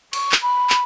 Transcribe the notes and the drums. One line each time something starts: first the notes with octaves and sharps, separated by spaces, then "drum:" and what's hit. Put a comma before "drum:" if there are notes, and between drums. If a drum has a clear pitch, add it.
C#6, drum: cymbal
drum: clap
B5
drum: clap